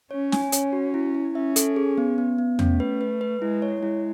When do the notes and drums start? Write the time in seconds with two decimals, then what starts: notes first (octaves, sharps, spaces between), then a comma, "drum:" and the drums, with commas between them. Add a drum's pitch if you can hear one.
0.11 C#4 C#5
0.32 G#5, drum: snare
0.52 C#4 C#5, drum: hi-hat
0.73 F#4
0.94 E4
1.15 E4
1.35 C#4 E5
1.56 A4, drum: hi-hat
1.76 G#4
1.98 B3
2.18 B3
2.38 B3
2.59 A3 C#4, drum: tom E2
2.80 B4
3.01 B4
3.21 B4
3.42 G#3 E4
3.62 C#5
3.83 G#3 E4